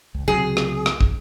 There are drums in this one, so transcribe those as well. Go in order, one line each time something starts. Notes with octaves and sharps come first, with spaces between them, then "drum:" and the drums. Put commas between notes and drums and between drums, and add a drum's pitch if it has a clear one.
C#2
C#2 C3 F#3 G#4
drum: rim click
drum: rim click
drum: kick